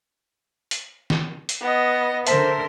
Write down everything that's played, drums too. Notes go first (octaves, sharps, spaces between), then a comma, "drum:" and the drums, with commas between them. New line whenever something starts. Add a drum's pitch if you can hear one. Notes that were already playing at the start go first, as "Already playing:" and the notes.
drum: hi-hat
drum: snare
drum: hi-hat
B3 D#5
D3 A#4 C5 E5 A5 C6 B6, drum: hi-hat